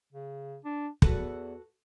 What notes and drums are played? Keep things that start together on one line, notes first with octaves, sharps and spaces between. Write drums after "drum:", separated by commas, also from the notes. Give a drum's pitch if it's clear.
C#3
D4
E2 F#4 A4 B4, drum: kick